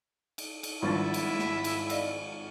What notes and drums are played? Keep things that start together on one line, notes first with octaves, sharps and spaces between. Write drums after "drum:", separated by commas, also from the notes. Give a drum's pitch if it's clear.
drum: cymbal
drum: cymbal
G#1 D#3 F3 G3 D4 E4 A6
drum: cymbal
drum: snare
drum: cymbal
D5 D#5 F5, drum: cymbal